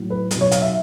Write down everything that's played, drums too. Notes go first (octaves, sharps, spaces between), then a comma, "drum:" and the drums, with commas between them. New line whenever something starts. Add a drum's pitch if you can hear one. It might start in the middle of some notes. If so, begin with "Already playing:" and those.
Already playing: A2 F#3
B4
B2 F#3, drum: hi-hat
C#5
F5, drum: hi-hat
E5